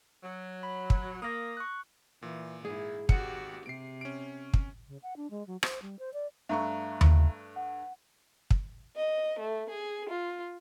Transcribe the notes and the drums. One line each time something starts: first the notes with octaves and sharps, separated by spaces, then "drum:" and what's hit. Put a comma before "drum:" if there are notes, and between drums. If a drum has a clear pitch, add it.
F#3
B5
drum: kick
A#3 D#6 A#6
C#6 F#6
A#2 E3
G#2 E4 G#4
G#1 F#4 G4 F#5 C#7, drum: kick
C3 C7 D7
C#4 D7
drum: kick
C#3
F#5
D4
G#3
F#3
C5, drum: rim click
G3
C5
D5
G2 A3 E5 F5 A#5 C#6
drum: tom D#2
F#5
drum: kick
D#5
A3
G#4
F4